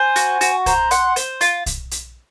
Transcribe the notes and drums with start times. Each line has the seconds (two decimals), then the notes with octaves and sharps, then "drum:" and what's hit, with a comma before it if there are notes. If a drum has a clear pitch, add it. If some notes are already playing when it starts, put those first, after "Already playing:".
Already playing: C5 G#5
0.16 F#4, drum: hi-hat
0.41 F#4, drum: hi-hat
0.66 C5 A#5, drum: kick B1, hi-hat
0.91 F#5 C6, drum: hi-hat
1.16 C5, drum: hi-hat
1.41 F4, drum: hi-hat
1.66 drum: kick B1, hi-hat
1.91 drum: hi-hat